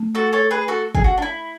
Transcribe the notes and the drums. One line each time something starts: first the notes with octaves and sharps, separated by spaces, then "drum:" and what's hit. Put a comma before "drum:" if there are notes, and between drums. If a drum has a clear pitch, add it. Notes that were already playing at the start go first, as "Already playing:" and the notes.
Already playing: A3
F#4 A4
A4 C#5
G#4 B4
F#4 A4
G#4, drum: kick
F#4
D4
E4